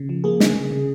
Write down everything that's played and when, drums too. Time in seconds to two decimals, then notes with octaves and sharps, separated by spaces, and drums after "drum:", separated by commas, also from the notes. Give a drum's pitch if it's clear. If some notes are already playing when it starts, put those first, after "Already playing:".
Already playing: C#3
0.09 F3
0.24 A#3 G#4
0.40 C#3, drum: snare
0.55 C#3
0.71 C#3